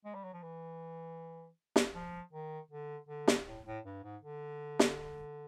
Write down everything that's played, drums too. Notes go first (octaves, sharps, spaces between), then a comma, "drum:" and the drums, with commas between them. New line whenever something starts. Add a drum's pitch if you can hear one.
G#3
G3
F#3
F3
E3
drum: snare
F3
D#3
D3
D3
drum: snare
A2
A2
G2
G#2
D3
drum: snare